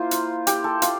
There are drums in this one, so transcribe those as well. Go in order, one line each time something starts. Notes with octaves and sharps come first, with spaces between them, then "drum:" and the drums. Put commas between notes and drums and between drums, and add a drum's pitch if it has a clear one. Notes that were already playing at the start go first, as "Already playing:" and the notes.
Already playing: A#3 E4 F4 C5
drum: hi-hat
G4, drum: hi-hat
A4
F4, drum: hi-hat